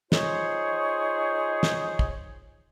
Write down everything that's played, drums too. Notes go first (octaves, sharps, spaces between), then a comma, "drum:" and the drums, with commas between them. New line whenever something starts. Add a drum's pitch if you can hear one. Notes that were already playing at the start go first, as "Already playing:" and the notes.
D#4 F4 G#4 C5 C#5, drum: snare
drum: snare
drum: kick